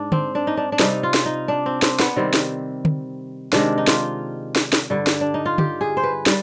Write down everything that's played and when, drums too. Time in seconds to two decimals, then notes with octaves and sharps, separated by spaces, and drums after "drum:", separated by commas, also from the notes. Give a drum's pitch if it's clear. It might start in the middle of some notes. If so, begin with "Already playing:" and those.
Already playing: G#2 D4
0.12 C4, drum: tom D3
0.35 D4
0.47 D#4
0.57 D4
0.72 D4
0.79 C3 G3 D#4, drum: snare
1.03 F4
1.14 drum: snare
1.26 D#4
1.48 D4
1.66 C4
1.82 C4, drum: snare
2.00 B3, drum: snare
2.16 C3 D#3 G3 C4
2.34 drum: snare
2.85 drum: tom D3
3.53 C3 D#3 G#3 D4, drum: snare
3.78 D#4
3.87 F4, drum: snare
4.56 drum: snare
4.73 drum: snare
4.90 G2 D3 G3
5.07 drum: snare
5.21 D4
5.34 D#4
5.46 F4
5.58 G4, drum: tom D3
5.81 G#4
5.97 C5
6.03 B4
6.26 G3, drum: snare